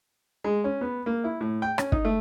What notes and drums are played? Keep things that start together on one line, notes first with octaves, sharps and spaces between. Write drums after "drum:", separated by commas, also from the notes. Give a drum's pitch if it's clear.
G#3
C#4
B3
A#3
E4
A2
G5
C#4, drum: rim click
D#4, drum: kick
A3